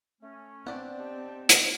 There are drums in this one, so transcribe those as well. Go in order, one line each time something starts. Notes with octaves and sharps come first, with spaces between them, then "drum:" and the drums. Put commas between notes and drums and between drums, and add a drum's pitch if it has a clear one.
A3 C#4
B3 C4 D4 D5 F#5
D#4 G4 A5
drum: hi-hat